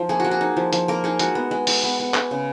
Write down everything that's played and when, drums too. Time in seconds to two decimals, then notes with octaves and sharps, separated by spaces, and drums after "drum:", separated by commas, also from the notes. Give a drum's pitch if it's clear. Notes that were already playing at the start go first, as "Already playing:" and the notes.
Already playing: F3 D#4
0.09 A#3 G#4
0.20 A#3 F#4
0.31 G#4
0.41 D#4
0.57 F3
0.73 F3, drum: hi-hat
0.88 A#3 A#4
1.04 D#4 G#4
1.19 G#3 F#4, drum: hi-hat
1.35 B3
1.51 G#3
1.67 G#3, drum: open hi-hat
1.84 B3
2.00 B3
2.14 G#3, drum: clap
2.31 C#3